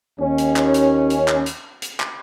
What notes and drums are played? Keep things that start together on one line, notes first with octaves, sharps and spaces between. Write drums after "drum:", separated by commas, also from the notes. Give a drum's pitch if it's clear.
D#2 C#4
drum: hi-hat
drum: clap
drum: hi-hat
drum: hi-hat
drum: clap
drum: hi-hat
drum: hi-hat
drum: clap